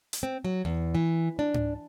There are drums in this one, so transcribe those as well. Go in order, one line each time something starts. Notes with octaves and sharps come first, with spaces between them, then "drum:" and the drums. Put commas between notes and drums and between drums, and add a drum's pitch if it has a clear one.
drum: hi-hat
C4
F#3
E2
E3
D4
drum: tom G#2